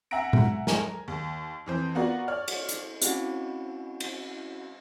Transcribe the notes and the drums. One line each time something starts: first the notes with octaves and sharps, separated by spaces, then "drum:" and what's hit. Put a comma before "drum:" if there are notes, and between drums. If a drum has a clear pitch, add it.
E5 F#5 G#5 A#5 A#6 D7
drum: tom A#2
A#4 G#5, drum: snare
D#2
F2 E3 C5
B3 F4 F#4 A#4 D5 F#5
C#5 D5 F6
drum: cymbal
drum: hi-hat
C4 C#4 E4 F#4 F5 F#5, drum: hi-hat
drum: cymbal